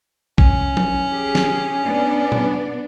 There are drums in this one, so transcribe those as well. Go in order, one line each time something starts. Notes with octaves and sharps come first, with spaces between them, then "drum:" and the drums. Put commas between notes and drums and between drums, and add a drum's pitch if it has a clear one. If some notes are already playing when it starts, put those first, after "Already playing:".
C#4, drum: kick A#1
drum: tom F3
G4 G#4
drum: snare
B3 D4 D5
drum: tom A#2